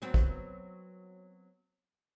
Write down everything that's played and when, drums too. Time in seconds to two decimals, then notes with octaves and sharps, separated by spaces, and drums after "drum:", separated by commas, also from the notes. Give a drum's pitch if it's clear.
0.02 F#3 B3 C4
0.14 drum: kick